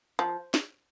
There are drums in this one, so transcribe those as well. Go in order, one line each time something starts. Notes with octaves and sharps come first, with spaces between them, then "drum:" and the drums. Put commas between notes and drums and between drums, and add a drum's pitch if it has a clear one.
F3
drum: snare